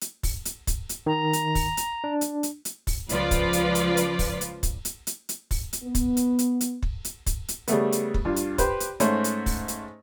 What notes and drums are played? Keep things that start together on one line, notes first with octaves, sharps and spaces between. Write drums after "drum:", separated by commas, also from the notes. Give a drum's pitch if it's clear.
drum: hi-hat
drum: kick, open hi-hat
drum: hi-hat
drum: kick, hi-hat
drum: hi-hat
D#3 A#5
drum: hi-hat
drum: kick, open hi-hat
drum: hi-hat
D4
drum: hi-hat
drum: hi-hat
drum: hi-hat
drum: kick, open hi-hat
C#2 F3 F4 B4 D5, drum: hi-hat
drum: kick, hi-hat
drum: hi-hat
drum: hi-hat
drum: hi-hat
drum: kick, open hi-hat
drum: hi-hat
drum: kick, hi-hat
drum: hi-hat
drum: hi-hat
drum: hi-hat
drum: kick, open hi-hat
drum: hi-hat
B3
drum: kick, hi-hat
drum: hi-hat
drum: hi-hat
drum: hi-hat
drum: kick
drum: hi-hat
drum: kick, hi-hat
drum: hi-hat
C#3 G3 A3 B3, drum: hi-hat
drum: hi-hat
drum: kick
G2 F4
drum: hi-hat
G4 B4 C5, drum: kick, hi-hat
drum: hi-hat
G#2 A3 C#4 C5, drum: hi-hat
drum: hi-hat
drum: kick, open hi-hat
drum: hi-hat